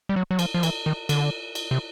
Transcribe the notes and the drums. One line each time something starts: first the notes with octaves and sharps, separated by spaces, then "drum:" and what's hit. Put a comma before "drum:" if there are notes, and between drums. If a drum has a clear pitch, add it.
G3
F#3
F#3
F3, drum: cymbal
F3
E3, drum: cymbal
D#3
D3, drum: cymbal
drum: cymbal
C3